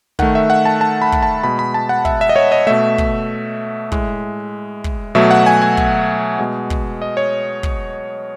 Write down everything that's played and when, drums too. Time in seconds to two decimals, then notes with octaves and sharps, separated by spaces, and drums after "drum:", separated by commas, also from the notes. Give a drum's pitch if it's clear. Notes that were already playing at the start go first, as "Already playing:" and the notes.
0.19 D#3 A3 F#5, drum: kick
0.35 E5
0.50 F#5
0.65 A5
0.81 A5
1.02 B5
1.12 drum: kick
1.23 A5
1.43 B2 G#3 B5
1.59 B5
1.74 A5
1.89 F#5
2.05 E5, drum: kick
2.21 E5
2.29 D#5
2.36 C#5
2.52 D#5
2.67 B2 A3 E5
2.98 drum: kick
3.92 A2 G#3, drum: kick
4.84 drum: kick
5.15 B2 F#3 A3 E5
5.31 F#5
5.46 G#5
5.62 G#5
5.77 drum: kick
6.39 B2 G#3
6.70 drum: kick
7.02 D#5
7.17 C#5
7.63 drum: kick